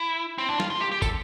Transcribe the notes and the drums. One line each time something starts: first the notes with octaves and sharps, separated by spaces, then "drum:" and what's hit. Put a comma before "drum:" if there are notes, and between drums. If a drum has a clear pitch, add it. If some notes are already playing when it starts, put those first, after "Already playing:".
Already playing: E4
C4
D4
F4, drum: snare
F4
G4
G4
A4, drum: kick, tambourine